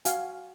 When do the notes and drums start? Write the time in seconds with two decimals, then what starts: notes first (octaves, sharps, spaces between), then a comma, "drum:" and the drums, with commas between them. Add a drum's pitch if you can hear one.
0.05 F#4 F5 G#5, drum: hi-hat